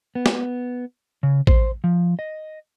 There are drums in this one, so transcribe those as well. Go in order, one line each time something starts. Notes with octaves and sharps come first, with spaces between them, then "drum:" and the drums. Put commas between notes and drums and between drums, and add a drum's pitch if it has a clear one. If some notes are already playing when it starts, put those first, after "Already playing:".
B3
drum: snare
C#3
C5, drum: kick
F3
D#5